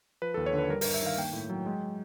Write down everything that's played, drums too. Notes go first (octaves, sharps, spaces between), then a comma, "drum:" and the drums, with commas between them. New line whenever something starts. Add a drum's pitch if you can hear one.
F3 B4
D#2 A4
C#5
D3 B4
G3 A#4
A#4, drum: open hi-hat
G2
E5
D#3 F5
A#3 G5
A2
F#3
G#3